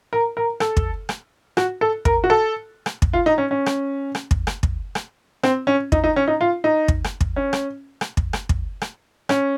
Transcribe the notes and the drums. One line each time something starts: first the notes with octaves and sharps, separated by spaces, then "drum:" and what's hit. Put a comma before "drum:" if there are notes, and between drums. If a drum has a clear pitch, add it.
A#4
A#4
A4, drum: rim click
drum: kick
drum: rim click
F#4, drum: rim click
A4
A#4, drum: kick
F#4
A4
drum: rim click
drum: kick
F4
D#4
C#4
C#4
drum: rim click
drum: rim click
drum: kick
drum: rim click
drum: kick
drum: rim click
C4, drum: rim click
C#4
D#4, drum: kick
D#4
C#4
D#4
F4
D#4
drum: kick
drum: rim click
drum: kick
C#4
drum: rim click
drum: rim click
drum: kick
drum: rim click
drum: kick
drum: rim click
C#4, drum: rim click